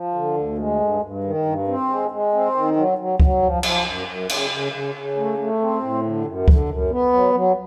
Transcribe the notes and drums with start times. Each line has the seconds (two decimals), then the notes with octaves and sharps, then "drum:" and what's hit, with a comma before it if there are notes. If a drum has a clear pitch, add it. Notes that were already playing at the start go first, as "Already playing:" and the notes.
Already playing: F3
0.14 D3
0.37 D2
0.58 G#3
0.80 G2
1.01 G2
1.24 D#3
1.45 G2
1.68 C4
1.89 G#3
2.11 G#3
2.33 C4
2.55 D#3
2.76 F#3
2.98 F#3
3.20 F#3, drum: kick C#2
3.42 F3
3.63 F3, drum: cymbal
3.85 F#2
4.07 F#2
4.29 C#3, drum: cymbal
4.50 C#3
4.72 C#3
4.95 C#3
5.16 A3
5.38 A3
5.60 C4
5.82 A2
6.04 D3
6.25 F#2
6.48 D3, drum: kick C#2
6.69 F#2
6.90 B3
7.13 F#3
7.34 F#3